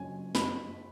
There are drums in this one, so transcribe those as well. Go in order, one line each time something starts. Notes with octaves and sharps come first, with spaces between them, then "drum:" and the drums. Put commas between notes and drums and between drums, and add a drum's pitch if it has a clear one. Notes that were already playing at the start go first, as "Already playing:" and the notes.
Already playing: C#3 F#3 C#4 G#5
F#2 B5, drum: snare